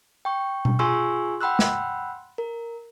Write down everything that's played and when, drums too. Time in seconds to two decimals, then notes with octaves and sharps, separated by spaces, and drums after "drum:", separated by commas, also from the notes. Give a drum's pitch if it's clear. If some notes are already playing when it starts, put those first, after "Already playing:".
0.25 G5 C#6
0.65 drum: tom B2
0.79 F4 G#4 G#5 C6 C#6 E6
1.41 F#5 G5 B5 C6 E6 F#6
1.59 drum: snare
2.38 A#4